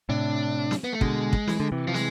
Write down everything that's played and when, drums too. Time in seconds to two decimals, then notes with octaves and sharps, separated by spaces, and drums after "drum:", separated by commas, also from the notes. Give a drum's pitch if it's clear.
0.09 A2 C3 D4
0.71 drum: snare
0.84 B3
0.93 A3
1.01 B2 D3 G#3, drum: kick
1.33 drum: kick
1.47 E3, drum: snare
1.60 D3
1.72 C3 E3
1.88 F3
1.94 G#3, drum: snare